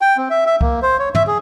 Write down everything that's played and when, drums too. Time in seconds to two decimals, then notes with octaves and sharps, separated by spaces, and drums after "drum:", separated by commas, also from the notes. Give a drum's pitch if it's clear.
0.01 G5
0.17 C4
0.30 E5
0.46 E5
0.61 A#3, drum: kick C2
0.82 C5
0.99 C#5
1.15 E5, drum: tom
1.27 G#4